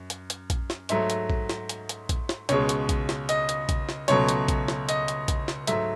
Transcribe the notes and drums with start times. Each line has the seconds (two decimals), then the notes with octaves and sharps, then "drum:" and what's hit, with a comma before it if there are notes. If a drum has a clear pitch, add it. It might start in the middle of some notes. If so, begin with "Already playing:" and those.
Already playing: F#2
0.10 drum: hi-hat
0.30 drum: hi-hat
0.50 drum: kick A#1, hi-hat
0.70 drum: snare
0.89 G#2 F#3 A3 E5, drum: hi-hat
1.10 drum: hi-hat
1.30 drum: kick A#1
1.49 drum: snare
1.69 drum: hi-hat
1.89 drum: hi-hat
2.09 drum: kick A#1, hi-hat
2.29 drum: snare
2.49 C#2 B2 G#3 C#5, drum: hi-hat
2.69 drum: hi-hat
2.89 drum: kick A#1, hi-hat
3.09 drum: snare
3.29 D#5, drum: hi-hat
3.49 drum: hi-hat
3.69 drum: kick A#1, hi-hat
3.89 drum: snare
4.08 C#2 B2 F#3 A3 C#5, drum: hi-hat
4.29 drum: hi-hat
4.48 drum: kick A#1, hi-hat
4.68 drum: snare
4.89 D#5, drum: hi-hat
5.08 drum: hi-hat
5.28 drum: kick A#1, hi-hat
5.48 drum: snare
5.67 G#2 F#3 A3 E5, drum: hi-hat